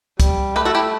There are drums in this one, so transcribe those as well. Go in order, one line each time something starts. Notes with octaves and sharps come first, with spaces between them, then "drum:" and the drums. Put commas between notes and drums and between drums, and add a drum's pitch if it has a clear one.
G3, drum: kick C2, hi-hat
A3 G4 B4
F#4 A4
E4 G4